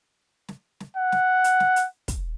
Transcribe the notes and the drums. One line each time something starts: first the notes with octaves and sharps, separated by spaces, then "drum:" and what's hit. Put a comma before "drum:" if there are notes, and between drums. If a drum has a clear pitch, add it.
drum: snare
drum: snare
F#5
drum: snare
drum: hi-hat
drum: snare
drum: hi-hat
drum: kick, hi-hat